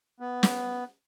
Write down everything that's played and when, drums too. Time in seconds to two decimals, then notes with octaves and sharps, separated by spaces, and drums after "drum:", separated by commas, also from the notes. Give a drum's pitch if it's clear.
0.20 B3
0.43 drum: snare